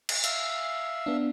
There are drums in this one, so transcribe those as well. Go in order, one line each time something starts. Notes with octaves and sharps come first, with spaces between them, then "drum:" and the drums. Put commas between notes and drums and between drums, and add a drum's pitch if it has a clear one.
drum: cymbal
E5 F5 E6, drum: hi-hat
B3 D4